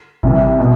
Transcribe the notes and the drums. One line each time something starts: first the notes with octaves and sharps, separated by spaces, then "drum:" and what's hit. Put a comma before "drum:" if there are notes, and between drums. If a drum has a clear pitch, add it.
C2 C3 E3, drum: kick G#1
B2